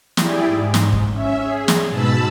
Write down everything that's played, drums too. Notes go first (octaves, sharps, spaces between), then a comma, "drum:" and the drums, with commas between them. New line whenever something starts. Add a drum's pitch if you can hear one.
E4 G4 G#4 D5, drum: snare
G#2
drum: snare
drum: kick
C#4 E5
G#4
drum: snare
G#2 B2 A5 B5 E6